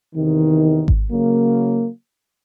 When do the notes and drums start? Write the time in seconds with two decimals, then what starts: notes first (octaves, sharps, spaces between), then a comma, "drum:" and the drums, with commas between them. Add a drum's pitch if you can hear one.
0.15 E2 C3 D#3
0.88 drum: kick G#1
1.11 C#3 F#3 A#3